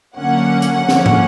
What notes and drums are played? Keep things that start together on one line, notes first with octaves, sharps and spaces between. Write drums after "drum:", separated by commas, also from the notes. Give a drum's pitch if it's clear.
D3 F#3 A#3 C#4 F#5
drum: hi-hat
D3 F3 A#3 C#4, drum: snare
drum: tom